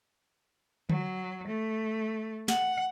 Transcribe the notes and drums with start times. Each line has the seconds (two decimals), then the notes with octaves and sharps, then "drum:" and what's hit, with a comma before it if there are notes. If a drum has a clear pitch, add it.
0.90 F#3, drum: tom D3
1.47 A3
2.48 F#5, drum: snare